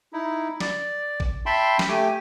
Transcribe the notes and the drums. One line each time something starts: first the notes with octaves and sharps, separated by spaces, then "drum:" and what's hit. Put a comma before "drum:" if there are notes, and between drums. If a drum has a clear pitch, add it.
D#4 E4
D5, drum: snare
drum: kick
E5 G5 A5 B5 C6
drum: snare
A3 G4 G5 G#5